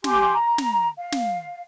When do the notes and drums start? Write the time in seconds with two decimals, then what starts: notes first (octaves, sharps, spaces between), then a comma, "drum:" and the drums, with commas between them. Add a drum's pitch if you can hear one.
0.04 G4 G#5 C6, drum: snare
0.34 A#5
0.58 drum: snare
0.98 F5
1.12 drum: snare